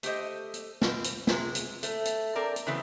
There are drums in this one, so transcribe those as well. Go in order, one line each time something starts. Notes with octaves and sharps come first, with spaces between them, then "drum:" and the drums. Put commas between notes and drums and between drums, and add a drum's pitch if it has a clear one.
A3 G4 C5 D#5, drum: hi-hat
drum: hi-hat
B2 C4, drum: snare
drum: hi-hat
C3 G#3, drum: snare
drum: hi-hat
A3, drum: hi-hat
drum: hi-hat
C4 A#4 D5
drum: hi-hat
C#3 E3 F#3 A3 B3 C4